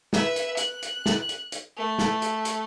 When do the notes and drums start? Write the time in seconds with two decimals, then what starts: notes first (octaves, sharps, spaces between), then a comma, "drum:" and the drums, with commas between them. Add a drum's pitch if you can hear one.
0.13 B4 E5, drum: snare
0.36 drum: hi-hat
0.57 F#6, drum: hi-hat
0.82 drum: hi-hat
1.06 drum: snare
1.29 drum: hi-hat
1.52 drum: hi-hat
1.76 A3
1.99 drum: snare
2.22 drum: hi-hat
2.45 drum: hi-hat